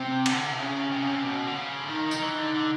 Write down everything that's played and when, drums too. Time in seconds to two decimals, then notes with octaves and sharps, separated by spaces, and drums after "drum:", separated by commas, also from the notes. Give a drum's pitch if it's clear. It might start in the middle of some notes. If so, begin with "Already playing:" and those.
Already playing: C3 C4
0.26 D3, drum: cymbal
0.52 C3
0.58 C#3 C#4
0.92 C3
1.02 C#3
1.13 C3
1.25 B2
1.47 D3
1.57 C#3
1.78 D3
1.89 D#3 D#4
2.06 D#3
2.11 D#4, drum: tambourine
2.17 D#3
2.22 E3
2.33 D#4
2.38 D3
2.55 D3